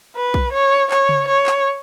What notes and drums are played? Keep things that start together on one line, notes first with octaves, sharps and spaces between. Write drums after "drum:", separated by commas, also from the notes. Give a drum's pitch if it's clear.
B4
drum: kick B1
C#5
C#5, drum: clap
drum: tom C#3
C#5
drum: clap